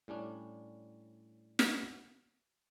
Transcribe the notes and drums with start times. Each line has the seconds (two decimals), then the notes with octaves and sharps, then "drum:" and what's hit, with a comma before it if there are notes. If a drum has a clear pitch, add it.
0.08 A2 G3 C#4 D4
1.59 drum: snare